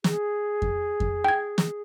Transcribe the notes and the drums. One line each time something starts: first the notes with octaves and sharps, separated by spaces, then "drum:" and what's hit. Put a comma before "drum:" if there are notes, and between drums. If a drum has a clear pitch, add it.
G#4, drum: snare
drum: kick F2
drum: kick F2
G5 G#6
drum: snare